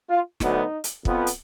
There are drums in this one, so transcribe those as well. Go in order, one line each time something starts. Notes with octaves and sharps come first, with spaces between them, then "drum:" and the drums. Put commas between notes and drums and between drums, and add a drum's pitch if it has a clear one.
F4
D2 D3 F#3 B3 D#4, drum: snare
drum: hi-hat
F2 F3 B3, drum: kick
drum: hi-hat